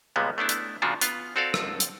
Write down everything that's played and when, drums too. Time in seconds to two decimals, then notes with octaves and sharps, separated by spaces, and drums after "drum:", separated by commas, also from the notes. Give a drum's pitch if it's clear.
0.16 C#2 A#2 G3 G#3 B3
0.38 A3 B3 D4 E4
0.49 drum: hi-hat
0.82 A#2 C#3 F3 D4 F4 F#4
1.01 B3 F4, drum: hi-hat
1.36 C4 F#4 A4 D5 F5
1.54 drum: rim click
1.80 drum: hi-hat